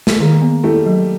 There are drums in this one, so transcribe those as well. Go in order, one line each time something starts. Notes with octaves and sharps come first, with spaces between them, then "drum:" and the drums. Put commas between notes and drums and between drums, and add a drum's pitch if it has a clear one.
drum: snare
D#3 G#3 A#3
B3
G3 A3 E4
F#3